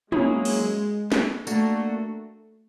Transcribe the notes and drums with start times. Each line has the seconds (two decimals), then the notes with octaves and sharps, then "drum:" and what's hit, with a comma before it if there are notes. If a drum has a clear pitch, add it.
0.12 F#3 G#3 A#3 C#4 E4 G#4, drum: tom
0.45 drum: open hi-hat
1.12 drum: snare
1.47 A3 A#3 D4 F#4, drum: tambourine